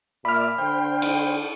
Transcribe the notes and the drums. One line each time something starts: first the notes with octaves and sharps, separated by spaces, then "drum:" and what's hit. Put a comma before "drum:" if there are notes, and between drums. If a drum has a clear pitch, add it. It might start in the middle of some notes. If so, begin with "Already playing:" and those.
A#2 D5 E5 B5 F6
D3 C5 G5
drum: cymbal